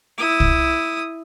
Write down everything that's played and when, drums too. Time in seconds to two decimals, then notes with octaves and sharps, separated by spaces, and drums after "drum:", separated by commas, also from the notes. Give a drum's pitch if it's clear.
0.18 E4 D#6
0.40 drum: kick